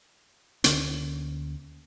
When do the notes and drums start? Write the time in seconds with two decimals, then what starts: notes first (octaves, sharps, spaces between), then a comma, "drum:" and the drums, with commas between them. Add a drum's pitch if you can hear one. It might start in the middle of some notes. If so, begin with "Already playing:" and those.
0.64 D2 D3 A#3 C#4, drum: hi-hat